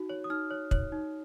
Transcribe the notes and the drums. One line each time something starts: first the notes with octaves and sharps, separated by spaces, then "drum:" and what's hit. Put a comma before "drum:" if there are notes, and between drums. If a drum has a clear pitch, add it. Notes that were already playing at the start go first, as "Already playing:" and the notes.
Already playing: D#4 F#4
C#5
D#6
D#4 F6
C#5
C#5, drum: kick
D#4